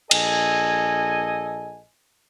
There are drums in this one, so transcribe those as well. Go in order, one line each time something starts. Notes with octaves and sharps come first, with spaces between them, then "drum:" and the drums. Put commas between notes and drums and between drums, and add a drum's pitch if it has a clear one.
A#1 A4 D#5 G#5, drum: cymbal